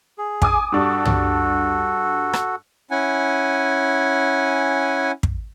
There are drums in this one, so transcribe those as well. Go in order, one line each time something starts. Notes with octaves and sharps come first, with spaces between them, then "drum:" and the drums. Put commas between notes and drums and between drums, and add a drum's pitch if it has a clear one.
G#4
G#5 D6 D#6, drum: kick
G2 D4 F#4 A4 C#6
drum: tom
drum: rim click
C#4 E4 F#5 G#5
drum: kick